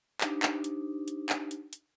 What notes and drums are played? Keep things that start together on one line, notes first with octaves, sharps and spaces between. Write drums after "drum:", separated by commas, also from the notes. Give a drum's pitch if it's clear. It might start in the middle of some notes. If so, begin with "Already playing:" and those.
D4 D#4 G4 C5, drum: clap
drum: clap
drum: hi-hat
drum: hi-hat
drum: clap
drum: hi-hat
drum: hi-hat